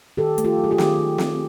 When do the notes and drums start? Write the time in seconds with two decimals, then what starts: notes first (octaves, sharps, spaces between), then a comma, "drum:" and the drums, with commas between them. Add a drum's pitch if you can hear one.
0.17 D#3 G4 A4
0.38 A3, drum: hi-hat
0.44 F4 G4
0.58 F#3
0.64 G#4
0.71 F4 G4
0.78 D#3, drum: snare
0.98 D#4
1.18 C4, drum: snare